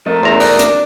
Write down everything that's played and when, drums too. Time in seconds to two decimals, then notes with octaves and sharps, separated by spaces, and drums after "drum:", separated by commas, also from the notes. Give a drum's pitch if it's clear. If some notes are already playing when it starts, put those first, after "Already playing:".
0.06 F2 A3 A#4 D#5
0.23 E2 C#3 G#4 C5 A#5
0.40 A3 D#4 F#4 D5, drum: open hi-hat
0.59 D4, drum: hi-hat